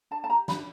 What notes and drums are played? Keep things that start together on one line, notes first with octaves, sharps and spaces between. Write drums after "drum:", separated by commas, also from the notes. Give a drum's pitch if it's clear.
D4 A5
A5
G4 A#5
D4 B5, drum: snare